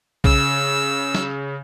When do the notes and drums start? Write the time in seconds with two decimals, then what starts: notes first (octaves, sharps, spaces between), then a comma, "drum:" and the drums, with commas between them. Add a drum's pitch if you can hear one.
0.24 C#3 E6, drum: kick B1
1.15 drum: snare